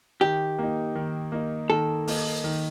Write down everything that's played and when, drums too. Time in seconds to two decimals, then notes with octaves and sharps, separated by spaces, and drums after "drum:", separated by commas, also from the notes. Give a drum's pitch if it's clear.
0.21 D#3 G4
0.58 A#3 D#4
0.95 D#3
1.32 A#3 D#4
1.69 D#3 A4
2.07 A#3 D#4, drum: open hi-hat
2.44 D#3